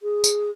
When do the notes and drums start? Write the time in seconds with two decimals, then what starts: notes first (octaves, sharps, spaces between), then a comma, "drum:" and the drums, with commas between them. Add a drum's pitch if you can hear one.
0.01 G#4
0.24 drum: tambourine